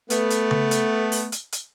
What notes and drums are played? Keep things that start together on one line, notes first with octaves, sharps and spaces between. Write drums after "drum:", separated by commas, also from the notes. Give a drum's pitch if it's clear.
A3 B3, drum: hi-hat
drum: hi-hat
drum: tom C#3
drum: hi-hat
drum: open hi-hat
drum: hi-hat
drum: hi-hat